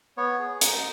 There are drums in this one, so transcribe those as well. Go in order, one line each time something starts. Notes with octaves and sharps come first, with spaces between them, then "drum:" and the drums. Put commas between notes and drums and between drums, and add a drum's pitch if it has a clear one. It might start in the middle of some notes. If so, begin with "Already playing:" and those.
B3 C#5
G#4
D#4, drum: hi-hat